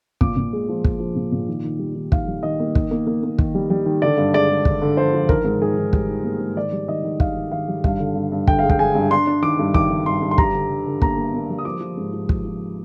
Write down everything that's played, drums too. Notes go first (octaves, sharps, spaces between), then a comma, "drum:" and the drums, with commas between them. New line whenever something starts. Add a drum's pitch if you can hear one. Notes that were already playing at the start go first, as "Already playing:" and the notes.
A#2 D6, drum: kick
A#2
G#3
F3
G#3, drum: kick
F3
A#2
A#2
D#3
D#3
G3
D#3
D#3 F5, drum: kick
G3
D#3 D#5
A#3
D#3, drum: kick
A#3
A#3
A#3
D#3, drum: kick
G3
G3
D#3
D3 D5
G2
G#3 D5
G#3
D3, drum: kick
D3
F3 C5
F3
D#3 A#4, drum: kick
G#2
D#3 G#4
D#3
G3, drum: kick
D#3
A#3
G#2
D#3 D5
G3
D#3 D#5
D#3
D#3 F5, drum: kick
D#3
D#3 F5
G3
G2 F5, drum: kick
D3
G2
G2
D3 G5, drum: kick
G#3 F5
G5, drum: kick
G#3 G#5
G2
D4 C6
D4
D#3 D6
G2
D#3 D6, drum: kick
D#3
G2 C6
G2
C6
G3 A#5, drum: kick
D3
D3
D3
A#3 A#5, drum: kick
A#3
A#3
G3
D#6
F3 D6
F3
G#2
F3
F3, drum: kick
F3